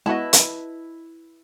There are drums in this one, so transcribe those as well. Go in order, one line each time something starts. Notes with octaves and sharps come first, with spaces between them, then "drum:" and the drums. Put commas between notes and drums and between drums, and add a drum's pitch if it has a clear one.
G#3 B3 E4 F#4 B4 D#5 A5
drum: hi-hat